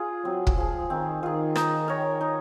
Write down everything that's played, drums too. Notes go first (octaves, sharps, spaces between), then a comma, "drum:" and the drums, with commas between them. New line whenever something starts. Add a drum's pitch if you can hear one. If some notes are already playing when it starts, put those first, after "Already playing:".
Already playing: F4 G#4
F#3 C4
drum: kick
F3 F4 G#4
D#3 C4
D#3 F4 G#4
D#4, drum: rim click
A#4 C#5
D#4